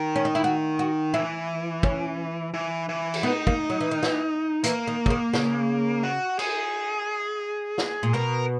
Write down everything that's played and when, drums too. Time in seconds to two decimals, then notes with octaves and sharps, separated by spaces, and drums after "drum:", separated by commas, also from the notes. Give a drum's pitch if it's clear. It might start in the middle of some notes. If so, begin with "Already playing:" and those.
Already playing: D#3
0.16 C#4
0.25 D#4
0.35 E4
0.44 F#4
0.79 F#4
1.14 E3 E4
1.83 C#4, drum: kick
2.54 E3
2.89 E3
3.14 drum: cymbal
3.23 B3 D#4
3.47 A#3, drum: kick
3.70 F#3
3.81 E3
3.91 D#3
4.03 E3, drum: snare
4.64 E3 A#3, drum: hi-hat
4.88 D#3
5.06 C#3, drum: kick
5.10 D#3
5.33 C#3, drum: snare
6.03 F#4
6.39 G#4, drum: cymbal
7.78 drum: snare
8.03 A#2
8.13 B2 A#4